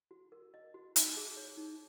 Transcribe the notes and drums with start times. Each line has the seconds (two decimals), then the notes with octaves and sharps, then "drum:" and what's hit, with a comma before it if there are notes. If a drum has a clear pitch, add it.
0.11 F#4
0.32 A#4
0.54 D#5
0.74 F#4
0.96 D#4, drum: hi-hat
1.17 G#4
1.37 C#5
1.57 D#4